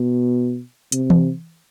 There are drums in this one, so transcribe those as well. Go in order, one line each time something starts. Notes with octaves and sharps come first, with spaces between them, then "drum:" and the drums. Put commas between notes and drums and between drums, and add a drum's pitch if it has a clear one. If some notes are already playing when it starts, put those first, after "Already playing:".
Already playing: B2
C3, drum: hi-hat
drum: tom E3